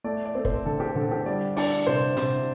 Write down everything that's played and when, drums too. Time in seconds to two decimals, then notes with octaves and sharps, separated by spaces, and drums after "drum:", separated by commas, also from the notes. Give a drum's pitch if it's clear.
0.04 A3 D5
0.25 D5
0.35 C4 A4
0.45 C5, drum: kick
0.66 D3 A4
0.80 G4
0.96 D3 A4
1.11 G4
1.26 G3 D5
1.57 D4 D5, drum: open hi-hat
1.87 C3 C5
2.17 C3, drum: hi-hat